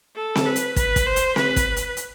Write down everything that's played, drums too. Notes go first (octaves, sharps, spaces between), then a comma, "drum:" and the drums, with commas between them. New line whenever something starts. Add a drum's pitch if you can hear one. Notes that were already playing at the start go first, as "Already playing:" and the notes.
A4
drum: snare C4
B4
drum: hi-hat
B4, drum: kick, hi-hat
drum: kick, hi-hat
C5
drum: hi-hat
B4, drum: snare C4
drum: kick, hi-hat
drum: hi-hat
drum: hi-hat